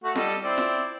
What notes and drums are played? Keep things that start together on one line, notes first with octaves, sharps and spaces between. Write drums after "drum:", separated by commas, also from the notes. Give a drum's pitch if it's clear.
A3 F#4
G3 A4 D#5, drum: snare F4
C4 E4 D5
drum: snare F4